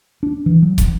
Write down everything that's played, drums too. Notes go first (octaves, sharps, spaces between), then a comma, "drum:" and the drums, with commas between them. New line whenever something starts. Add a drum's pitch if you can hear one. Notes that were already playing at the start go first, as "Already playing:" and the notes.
D4
E3
F#3
A1, drum: kick, hi-hat